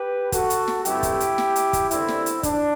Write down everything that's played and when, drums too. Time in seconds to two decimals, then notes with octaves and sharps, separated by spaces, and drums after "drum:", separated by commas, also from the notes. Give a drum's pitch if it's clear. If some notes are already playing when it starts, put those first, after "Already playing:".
Already playing: G4 B4
0.32 F#4 A4, drum: kick, hi-hat
0.50 drum: hi-hat
0.68 drum: snare
0.85 G2 D3 A3 C4 E4 G4, drum: hi-hat
1.03 drum: kick, hi-hat
1.20 drum: hi-hat
1.38 drum: snare
1.56 drum: hi-hat
1.73 drum: kick, hi-hat
1.91 E2 D3 G3 C4 E4, drum: hi-hat
2.08 drum: snare
2.26 drum: hi-hat
2.43 D4, drum: kick, hi-hat